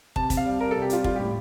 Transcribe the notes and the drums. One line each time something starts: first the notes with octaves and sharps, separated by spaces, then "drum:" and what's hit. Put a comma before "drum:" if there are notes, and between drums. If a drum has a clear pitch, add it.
C3 A5, drum: kick
C3, drum: kick, hi-hat
F5
G3
G3 A#4
C3 A4
G4
G3 F4, drum: hi-hat
G3 F4, drum: kick
A2 G4